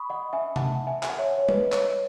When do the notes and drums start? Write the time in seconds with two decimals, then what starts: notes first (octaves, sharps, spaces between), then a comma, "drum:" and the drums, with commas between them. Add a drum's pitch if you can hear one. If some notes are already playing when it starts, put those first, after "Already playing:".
Already playing: B5 C#6 D#6
0.10 D#5 F#5
0.33 E5 G#5
0.56 F#5 A5, drum: tom C3
0.87 E5 G#5
1.03 G#5, drum: clap
1.10 F#5
1.18 C#5 E5
1.38 C#5
1.49 B4 D#5, drum: tom G3
1.72 C#5, drum: clap